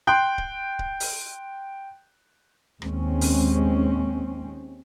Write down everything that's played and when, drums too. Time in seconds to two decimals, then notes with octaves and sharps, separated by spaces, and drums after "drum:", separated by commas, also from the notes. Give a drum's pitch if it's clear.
0.07 G5 C6 F#6 G6
0.38 drum: kick D1
0.79 drum: kick D1
1.00 drum: open hi-hat
2.82 D#2 G#3 C4 C#4, drum: rim click
3.21 drum: open hi-hat